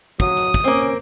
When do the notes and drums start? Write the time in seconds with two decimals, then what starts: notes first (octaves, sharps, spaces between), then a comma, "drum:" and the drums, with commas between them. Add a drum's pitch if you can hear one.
0.20 F#3 D#6, drum: kick
0.37 drum: hi-hat
0.54 drum: kick, hi-hat
0.64 A#3 C4 C#4